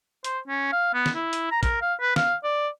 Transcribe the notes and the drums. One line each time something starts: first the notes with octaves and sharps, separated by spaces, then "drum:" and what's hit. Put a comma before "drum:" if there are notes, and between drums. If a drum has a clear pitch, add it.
C5, drum: hi-hat
C#4
F5
B3
drum: snare
E4
drum: hi-hat
A#5
A#4, drum: kick, hi-hat
F5
B4
F5, drum: snare
D5